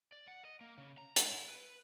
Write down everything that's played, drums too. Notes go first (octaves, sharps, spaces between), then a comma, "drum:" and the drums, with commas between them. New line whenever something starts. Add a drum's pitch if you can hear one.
D5
F#5
D#5
A#3
C#3
A#5
G#3, drum: hi-hat
E4
B4